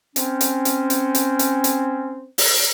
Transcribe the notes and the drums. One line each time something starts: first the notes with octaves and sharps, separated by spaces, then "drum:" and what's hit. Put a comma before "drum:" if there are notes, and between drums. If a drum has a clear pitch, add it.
C4 C#4, drum: hi-hat
drum: hi-hat
drum: hi-hat
drum: hi-hat
drum: hi-hat
drum: hi-hat
drum: hi-hat
drum: open hi-hat